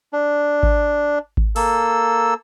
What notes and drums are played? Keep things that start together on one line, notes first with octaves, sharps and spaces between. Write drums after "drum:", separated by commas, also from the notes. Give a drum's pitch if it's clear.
D4
drum: kick G#1
drum: kick G#1
A#3 A4 E6, drum: open hi-hat